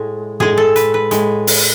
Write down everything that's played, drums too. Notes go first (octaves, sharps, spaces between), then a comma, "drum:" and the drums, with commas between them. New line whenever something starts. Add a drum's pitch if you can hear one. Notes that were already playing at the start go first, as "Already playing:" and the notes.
Already playing: A2 G#3
A2 G#3 G#4, drum: tom
A4
B4, drum: hi-hat
B4
A2 G#3, drum: hi-hat
drum: open hi-hat